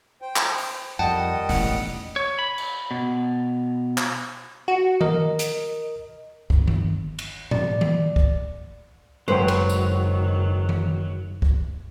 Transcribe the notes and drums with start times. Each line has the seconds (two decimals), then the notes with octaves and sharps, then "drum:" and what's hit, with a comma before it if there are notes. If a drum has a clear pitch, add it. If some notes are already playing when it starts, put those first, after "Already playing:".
0.22 C5 G5
0.36 drum: clap
0.58 drum: open hi-hat
0.99 F2 D#3 G3 D#5 F#5 G5 A5
1.49 E1 A1 F#5, drum: open hi-hat
2.16 C#5
2.39 B5
2.58 drum: cymbal
2.91 B2
3.98 drum: clap
4.68 F#4
5.01 A#4 D#5, drum: tom D#3
5.39 drum: hi-hat
6.50 G1, drum: kick
6.68 drum: tom D#3
7.19 drum: cymbal
7.51 D5, drum: tom A2
7.81 drum: tom D#3
8.16 drum: kick
9.28 F#1 G#2 D#3 F#3 F#4 B4 C5 G5
9.48 drum: cymbal
9.70 drum: tambourine
10.69 drum: tom D#3
11.42 drum: kick